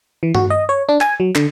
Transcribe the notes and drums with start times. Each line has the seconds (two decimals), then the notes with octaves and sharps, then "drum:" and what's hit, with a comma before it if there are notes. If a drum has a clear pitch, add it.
0.23 E3
0.35 F#4, drum: tom G2
0.50 D#5
0.69 C#5
0.89 D4
1.01 G#5, drum: clap
1.20 F#3
1.35 D3, drum: clap